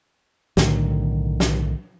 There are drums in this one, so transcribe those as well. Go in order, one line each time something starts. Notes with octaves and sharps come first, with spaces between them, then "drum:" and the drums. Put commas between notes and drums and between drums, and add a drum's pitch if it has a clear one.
B1 A2 D3 D#3, drum: snare
drum: snare